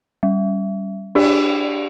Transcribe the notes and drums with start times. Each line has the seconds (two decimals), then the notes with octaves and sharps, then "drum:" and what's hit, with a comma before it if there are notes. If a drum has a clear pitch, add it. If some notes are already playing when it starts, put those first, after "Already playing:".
0.23 G3
1.15 D4 G4 D5, drum: cymbal